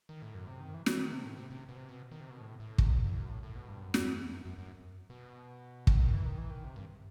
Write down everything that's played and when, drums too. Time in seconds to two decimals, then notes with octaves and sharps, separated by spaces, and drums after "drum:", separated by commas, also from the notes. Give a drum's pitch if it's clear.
0.09 D#3
0.22 A2
0.34 F#2
0.47 C3
0.60 D#3
0.74 E3
0.86 E3, drum: snare
0.99 D#3
1.12 C3
1.25 A2
1.37 C3
1.51 C3
1.69 B2
1.76 C3
1.89 B2
2.11 D#3
2.20 C3
2.30 B2
2.41 A2
2.60 A2
2.78 F#2, drum: kick
2.91 E2
3.04 E2
3.17 F#2
3.30 A2
3.43 A2
3.55 B2
3.68 G2
3.81 F#2
3.94 E2, drum: snare
4.33 F#2
4.45 F#2
4.58 F#2
5.10 B2
5.87 D#3, drum: kick
6.00 D#3
6.13 E3
6.25 D#3
6.38 E3
6.51 D#3
6.64 C3
6.76 G2